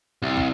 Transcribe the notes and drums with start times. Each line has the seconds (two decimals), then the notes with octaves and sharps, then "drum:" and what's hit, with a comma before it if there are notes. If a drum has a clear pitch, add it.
0.22 C2
0.37 drum: kick